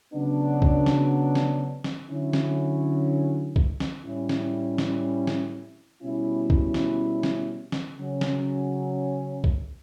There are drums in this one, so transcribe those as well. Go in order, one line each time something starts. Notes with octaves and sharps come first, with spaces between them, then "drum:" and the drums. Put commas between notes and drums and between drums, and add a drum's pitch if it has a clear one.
C#3 F#3 B3 D4
drum: kick B1
drum: snare
drum: snare
drum: snare
D3 F#3 C#4 E4
drum: snare
drum: kick B1
drum: snare
A2 G3 C#4 E4
drum: snare
drum: snare
drum: snare
B2 G3 C#4 E4
drum: kick B1
drum: snare
drum: snare
drum: snare
C#3 F#3 C#4
drum: snare
drum: kick B1